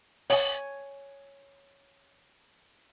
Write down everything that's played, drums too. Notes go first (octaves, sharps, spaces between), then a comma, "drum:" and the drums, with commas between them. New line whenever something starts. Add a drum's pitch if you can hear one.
C#5 G#5, drum: open hi-hat